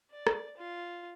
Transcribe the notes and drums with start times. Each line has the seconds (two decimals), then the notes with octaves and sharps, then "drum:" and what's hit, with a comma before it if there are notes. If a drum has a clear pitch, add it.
0.11 D5
0.27 drum: rim click
0.57 F4